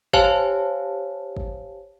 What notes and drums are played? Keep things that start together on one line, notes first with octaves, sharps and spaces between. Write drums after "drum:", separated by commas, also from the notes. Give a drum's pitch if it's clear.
G4 C5 C#5 F5 G#5 A5, drum: kick
drum: kick